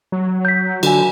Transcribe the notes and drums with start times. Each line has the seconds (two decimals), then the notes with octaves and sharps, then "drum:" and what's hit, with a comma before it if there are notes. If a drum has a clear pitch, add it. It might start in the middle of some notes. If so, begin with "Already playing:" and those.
0.12 F#3
0.45 G6 B6
0.83 D3 F#4 G#5, drum: cymbal